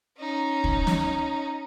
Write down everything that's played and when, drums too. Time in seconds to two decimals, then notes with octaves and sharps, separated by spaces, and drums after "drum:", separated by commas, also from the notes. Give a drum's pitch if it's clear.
0.18 C#4 D#4
0.64 drum: kick
0.87 drum: snare